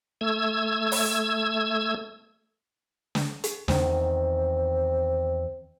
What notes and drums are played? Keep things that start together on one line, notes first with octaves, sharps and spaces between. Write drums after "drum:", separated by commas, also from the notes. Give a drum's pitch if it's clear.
A3 E6 G#6
drum: open hi-hat
drum: snare
drum: hi-hat
E2 D#3 C4, drum: snare